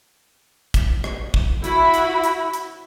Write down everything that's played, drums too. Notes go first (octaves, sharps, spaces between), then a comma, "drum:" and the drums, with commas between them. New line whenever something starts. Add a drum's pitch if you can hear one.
drum: kick, hi-hat
drum: rim click
drum: kick
E4 F#4 B5, drum: hi-hat
drum: hi-hat
drum: hi-hat
drum: hi-hat